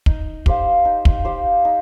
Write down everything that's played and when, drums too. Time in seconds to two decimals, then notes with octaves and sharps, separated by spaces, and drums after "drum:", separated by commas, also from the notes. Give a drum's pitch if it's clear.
0.06 D#4, drum: kick
0.46 G4 C5 F5, drum: kick
0.85 D#4
1.05 drum: kick
1.25 G4 C5 F5
1.65 D#4